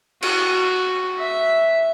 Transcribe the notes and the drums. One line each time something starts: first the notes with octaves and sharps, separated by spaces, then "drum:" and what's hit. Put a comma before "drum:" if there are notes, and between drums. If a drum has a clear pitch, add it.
F#4, drum: cymbal
E5